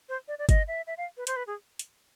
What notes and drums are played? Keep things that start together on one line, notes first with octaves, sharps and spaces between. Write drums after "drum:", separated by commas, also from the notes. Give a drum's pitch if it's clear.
C5
D5
D5
D#5, drum: kick G1, hi-hat
E5
E5
F5
B4
C5, drum: hi-hat
B4
G#4
drum: hi-hat